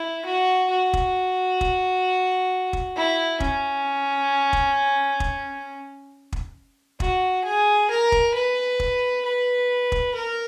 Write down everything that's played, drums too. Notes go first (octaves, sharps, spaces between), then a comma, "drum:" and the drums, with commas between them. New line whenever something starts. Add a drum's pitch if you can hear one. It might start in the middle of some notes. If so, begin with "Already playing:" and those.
Already playing: E4
F#4
F#4
drum: kick
drum: kick
drum: kick
E4
C#4, drum: kick
drum: kick
drum: kick
drum: kick
F#4, drum: kick
G#4
A#4
drum: kick
B4
drum: kick
B4
drum: kick
A#4